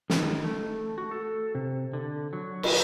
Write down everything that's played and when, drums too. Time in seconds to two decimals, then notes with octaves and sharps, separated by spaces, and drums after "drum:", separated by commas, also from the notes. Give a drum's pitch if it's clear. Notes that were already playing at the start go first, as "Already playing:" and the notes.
0.10 D#3, drum: snare
0.44 A3
0.98 F#4
1.11 A4
1.55 C3
1.93 D3
2.33 F#3
2.63 drum: cymbal